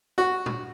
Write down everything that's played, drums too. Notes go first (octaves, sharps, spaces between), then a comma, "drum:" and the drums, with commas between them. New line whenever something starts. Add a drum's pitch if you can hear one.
F#4
drum: tom A#2